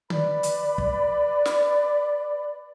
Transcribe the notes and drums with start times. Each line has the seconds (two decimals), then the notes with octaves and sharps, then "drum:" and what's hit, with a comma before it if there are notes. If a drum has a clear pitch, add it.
0.10 B4 D5 B5, drum: tom D3
0.43 drum: hi-hat
0.78 drum: kick
1.45 drum: snare